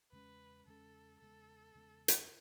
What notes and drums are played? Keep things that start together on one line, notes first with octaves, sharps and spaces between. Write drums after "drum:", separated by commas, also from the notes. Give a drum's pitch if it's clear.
E2 C#3 G#3 C#4 B4
E2 C#3 G#3 C#4 A4
E2 C#3 G#3 B3 A4
E2 C#3 G#3 B3
drum: hi-hat